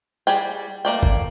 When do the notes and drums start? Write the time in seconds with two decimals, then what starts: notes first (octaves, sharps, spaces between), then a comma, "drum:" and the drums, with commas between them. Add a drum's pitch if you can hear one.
0.27 G3 G#4 G5
0.85 A3 A#3 D5 G5
1.03 drum: kick